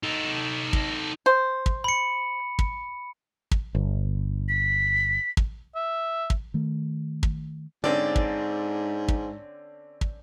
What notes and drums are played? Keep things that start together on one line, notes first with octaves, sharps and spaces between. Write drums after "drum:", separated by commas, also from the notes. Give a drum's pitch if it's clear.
D#4 A4
drum: kick
C5
drum: kick
B5 C#7
drum: kick
drum: kick
G1
B6
drum: kick
E5
drum: kick
D#3 A3
drum: kick
G#2 D3 C4 C#4 D5
drum: kick
drum: kick
drum: kick